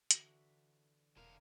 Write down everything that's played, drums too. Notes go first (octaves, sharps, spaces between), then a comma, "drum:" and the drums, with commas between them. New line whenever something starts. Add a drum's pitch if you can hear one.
D3 E3 F#4 E5, drum: hi-hat
E1 D3 A#4 F5 G#5